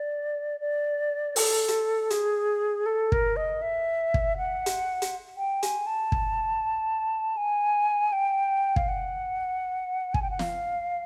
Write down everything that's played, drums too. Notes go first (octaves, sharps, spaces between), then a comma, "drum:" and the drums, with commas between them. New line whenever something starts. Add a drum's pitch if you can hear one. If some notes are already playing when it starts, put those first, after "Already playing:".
Already playing: D5
D5
A4, drum: open hi-hat
drum: hi-hat
G#4, drum: hi-hat
A4
A#4, drum: kick
D#5
E5
drum: kick
F#5
drum: hi-hat
drum: hi-hat
G5
G#5, drum: hi-hat
A5
drum: kick
G#5
G5
F5, drum: kick
F#5
G#5, drum: kick
G5
F#5
F5, drum: snare